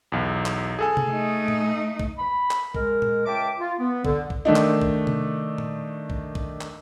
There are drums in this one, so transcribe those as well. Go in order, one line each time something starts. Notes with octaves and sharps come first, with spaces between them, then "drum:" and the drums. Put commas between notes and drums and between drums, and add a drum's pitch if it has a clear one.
B1 E2
drum: clap
G#4 A4 G#5
drum: tom C3
A3 D#4
drum: tom A#2
drum: kick A#1
B5
drum: clap
G#3 A#4, drum: kick A#1
drum: tom A#2
C#2 E5 G5 A5 D6
F4
B3
D3, drum: kick A#1
drum: kick A#1
D#3 A3 D4 D#4
drum: clap
drum: kick A#1
drum: tom C3
drum: tom A#2
drum: kick A#1
drum: kick A#1
drum: clap